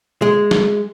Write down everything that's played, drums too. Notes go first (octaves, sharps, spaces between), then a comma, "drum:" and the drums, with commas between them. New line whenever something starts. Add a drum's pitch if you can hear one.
G#3
drum: snare